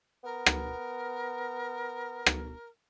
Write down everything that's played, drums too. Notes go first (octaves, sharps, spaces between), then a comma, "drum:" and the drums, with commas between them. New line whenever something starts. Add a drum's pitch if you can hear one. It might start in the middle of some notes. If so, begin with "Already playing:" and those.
B3 A#4
drum: rim click
drum: rim click